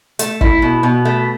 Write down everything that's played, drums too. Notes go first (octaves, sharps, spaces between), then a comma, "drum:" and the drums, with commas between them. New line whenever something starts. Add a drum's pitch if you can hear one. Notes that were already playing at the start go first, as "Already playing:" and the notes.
A3, drum: hi-hat
E4, drum: kick G1
B2
B2
A3